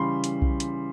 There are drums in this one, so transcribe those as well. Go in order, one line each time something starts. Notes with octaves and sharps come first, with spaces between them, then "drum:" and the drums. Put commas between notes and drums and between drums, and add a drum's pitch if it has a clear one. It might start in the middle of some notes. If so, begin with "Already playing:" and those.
Already playing: C#3 E3 G3 B5 C6
drum: hi-hat
drum: kick B1
drum: hi-hat